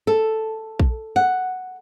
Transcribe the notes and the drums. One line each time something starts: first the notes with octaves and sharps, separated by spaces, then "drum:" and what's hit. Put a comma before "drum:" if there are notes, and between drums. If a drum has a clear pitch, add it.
A4
drum: kick A#1
F#5